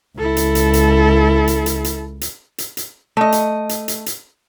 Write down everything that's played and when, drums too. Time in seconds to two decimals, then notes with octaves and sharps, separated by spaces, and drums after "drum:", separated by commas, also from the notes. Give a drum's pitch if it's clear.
0.18 C#2 E4 A4
0.37 drum: hi-hat
0.55 drum: hi-hat
0.74 drum: hi-hat
1.47 drum: hi-hat
1.66 drum: hi-hat
1.84 drum: hi-hat
2.21 drum: hi-hat
2.58 drum: hi-hat
2.77 drum: hi-hat
3.17 A3 D#5
3.32 drum: hi-hat
3.69 drum: hi-hat
3.88 drum: hi-hat
4.06 drum: hi-hat